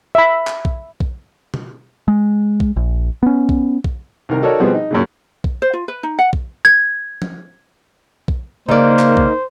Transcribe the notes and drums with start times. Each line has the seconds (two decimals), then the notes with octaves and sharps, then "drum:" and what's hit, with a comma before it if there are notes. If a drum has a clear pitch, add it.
0.15 E5 B5
0.47 drum: clap
0.65 drum: kick
1.00 drum: kick
1.54 drum: tom B2
2.08 G#3
2.60 drum: kick
2.76 A#1
3.23 B3 C#4
3.49 drum: kick
3.84 drum: kick
4.29 C2 D#3 A#4
4.42 D#4 F#4 A4 A#4 C#5 D5
4.60 B2 F3 G3 B3 C4 G#4
4.74 D#4
4.91 F#2 A#2 C#3
5.44 drum: kick
5.62 C5
5.73 F4
5.88 B4
6.03 D#4
6.19 F#5
6.33 drum: kick
6.65 G#6
7.22 drum: tom F3
8.28 drum: kick
8.69 C#3 A#3 D#4 A#4 C5 D5
8.99 drum: clap
9.17 drum: kick